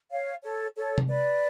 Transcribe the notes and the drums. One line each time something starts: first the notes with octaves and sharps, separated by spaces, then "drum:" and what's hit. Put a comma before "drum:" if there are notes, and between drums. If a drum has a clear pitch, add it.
C#5 F5
A4 C#5
A4 C#5
drum: tom C3
B4 D5